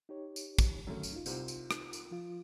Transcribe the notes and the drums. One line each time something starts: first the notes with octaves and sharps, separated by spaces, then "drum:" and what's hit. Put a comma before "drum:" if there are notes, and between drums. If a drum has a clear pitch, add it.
D#4 G4 C#5
drum: tambourine
drum: kick, tambourine
F#2 D3 D#3 F#3 A3
drum: tambourine
D#4 F4
C2 C3 C5, drum: tambourine
drum: tambourine
drum: rim click
drum: tambourine
F3 F4